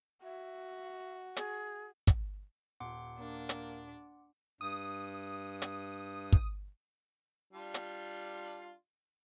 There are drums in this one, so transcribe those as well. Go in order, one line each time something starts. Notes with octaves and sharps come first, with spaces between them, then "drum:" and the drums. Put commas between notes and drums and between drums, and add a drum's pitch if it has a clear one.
F#4 E5
G#4, drum: hi-hat
drum: kick, hi-hat
D#1 F#5 C6 D6
A#3 D4
drum: hi-hat
G2 D#6
drum: hi-hat
drum: kick
G3 D4 F4
drum: hi-hat